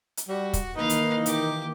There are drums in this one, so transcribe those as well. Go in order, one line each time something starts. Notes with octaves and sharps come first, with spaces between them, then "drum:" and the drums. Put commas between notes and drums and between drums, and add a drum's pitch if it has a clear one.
drum: hi-hat
G3 F#4
drum: kick, hi-hat
D#3 E3 A#3 D#4 B4 F5
drum: hi-hat
G4 D6, drum: hi-hat